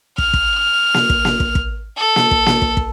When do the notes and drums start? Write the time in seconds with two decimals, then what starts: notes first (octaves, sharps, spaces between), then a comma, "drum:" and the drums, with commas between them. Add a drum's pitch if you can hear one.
0.18 F6, drum: kick
0.34 drum: kick
0.94 drum: snare A#3
1.10 drum: kick
1.25 drum: snare A#3
1.40 drum: kick
1.55 drum: kick
1.97 A4
2.16 drum: snare A#3
2.31 drum: kick
2.46 drum: snare A#3
2.62 drum: kick
2.77 drum: kick